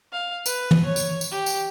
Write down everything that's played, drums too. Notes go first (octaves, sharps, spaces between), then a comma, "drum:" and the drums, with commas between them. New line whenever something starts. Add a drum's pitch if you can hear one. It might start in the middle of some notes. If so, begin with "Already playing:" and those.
F5
B4, drum: tambourine
drum: tom
C#5
drum: tambourine
drum: tambourine
G4
drum: tambourine